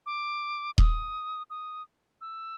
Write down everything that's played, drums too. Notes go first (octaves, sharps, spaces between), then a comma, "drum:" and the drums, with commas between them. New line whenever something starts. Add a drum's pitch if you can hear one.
D6
D#6, drum: kick D#1
D#6
E6